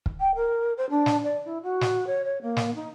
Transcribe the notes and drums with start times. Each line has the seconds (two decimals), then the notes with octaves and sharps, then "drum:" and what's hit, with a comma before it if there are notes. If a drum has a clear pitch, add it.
0.06 drum: kick
0.19 G5
0.35 A#4
0.77 C5
0.89 D4
1.06 drum: snare
1.24 D5
1.45 E4
1.62 F#4
1.81 drum: snare
2.06 C#5
2.24 C#5
2.42 A#3
2.57 drum: snare
2.74 D#4